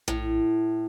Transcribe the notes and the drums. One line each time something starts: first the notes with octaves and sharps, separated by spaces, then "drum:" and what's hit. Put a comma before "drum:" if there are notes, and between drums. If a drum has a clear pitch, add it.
A2, drum: tom A#1